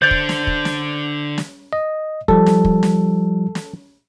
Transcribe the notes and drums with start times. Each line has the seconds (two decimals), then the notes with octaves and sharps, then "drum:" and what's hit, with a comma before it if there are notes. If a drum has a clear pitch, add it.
0.02 D3 C5 D5
0.11 drum: kick
0.29 drum: snare
0.47 drum: kick
0.65 drum: snare
1.38 drum: snare
1.73 D#5
2.28 F3 G3 A4, drum: kick
2.46 drum: snare
2.65 drum: kick
2.83 drum: snare
3.55 drum: snare